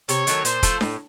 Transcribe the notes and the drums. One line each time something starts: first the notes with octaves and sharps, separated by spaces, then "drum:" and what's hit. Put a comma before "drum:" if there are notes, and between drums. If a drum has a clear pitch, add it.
C3 C#5, drum: hi-hat
D#3 F#3 A3, drum: hi-hat
A#2 C5, drum: hi-hat
F3 A3, drum: kick, hi-hat
A2, drum: snare D4